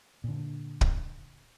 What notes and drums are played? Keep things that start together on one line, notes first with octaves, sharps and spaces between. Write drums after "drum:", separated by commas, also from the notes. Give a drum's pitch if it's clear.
A#2 D3
drum: kick